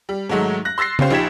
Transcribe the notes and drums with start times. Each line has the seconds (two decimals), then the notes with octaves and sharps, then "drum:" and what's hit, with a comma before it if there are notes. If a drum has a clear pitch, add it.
0.09 G3
0.29 G#2 D#3 F#3 G#3 A3
0.65 F#6 A#6
0.78 C6 E6 A6 A#6 C7
0.99 C#4 F4 G4 C5 F5, drum: tom C#3
1.10 A#1 D#4 G4 G#6 B6 E7